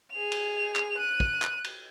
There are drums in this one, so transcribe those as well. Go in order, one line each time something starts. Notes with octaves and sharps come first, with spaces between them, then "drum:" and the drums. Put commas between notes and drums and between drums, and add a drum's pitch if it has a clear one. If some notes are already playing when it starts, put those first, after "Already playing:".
G#4 F7
drum: cymbal
drum: clap
F#6 D#7
drum: kick
drum: clap
drum: cymbal